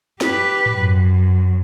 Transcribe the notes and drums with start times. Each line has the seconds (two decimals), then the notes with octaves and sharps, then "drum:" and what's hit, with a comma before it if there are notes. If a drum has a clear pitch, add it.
0.21 G4 B4, drum: snare
0.66 drum: tom G#2
0.78 F#2